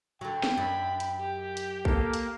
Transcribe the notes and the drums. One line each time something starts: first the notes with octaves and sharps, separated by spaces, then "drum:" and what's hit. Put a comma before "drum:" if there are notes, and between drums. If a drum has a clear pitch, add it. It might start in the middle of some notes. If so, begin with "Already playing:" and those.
D3 F#3 G5
drum: snare
F#2 D4 B5
drum: hi-hat
G4
drum: hi-hat
A#3 A4, drum: kick A#1
drum: hi-hat